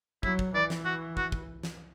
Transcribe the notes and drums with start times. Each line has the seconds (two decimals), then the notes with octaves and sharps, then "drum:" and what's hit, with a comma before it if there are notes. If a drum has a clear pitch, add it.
0.23 F#3 E4, drum: kick
0.39 drum: kick
0.55 E3 D5
0.70 drum: snare
0.85 F#4
1.17 F#4, drum: kick
1.32 drum: kick
1.63 drum: snare